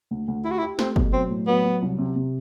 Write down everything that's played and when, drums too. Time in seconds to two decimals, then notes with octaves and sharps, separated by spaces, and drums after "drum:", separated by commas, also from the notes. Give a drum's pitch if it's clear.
0.11 D2
0.28 D2
0.44 E4 G4
0.51 F#4
0.58 E4
0.62 G4
0.79 A3 C4, drum: snare
0.96 B2, drum: kick
1.13 F#3 C4
1.30 A2
1.47 F#3 B3
1.64 F#3
1.82 C2
1.98 C3
2.16 C3